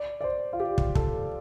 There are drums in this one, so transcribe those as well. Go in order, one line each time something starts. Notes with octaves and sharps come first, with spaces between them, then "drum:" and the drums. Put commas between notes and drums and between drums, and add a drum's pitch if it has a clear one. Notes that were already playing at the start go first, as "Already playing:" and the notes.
Already playing: D5
D5
C5
F4
G4
drum: kick
A4, drum: kick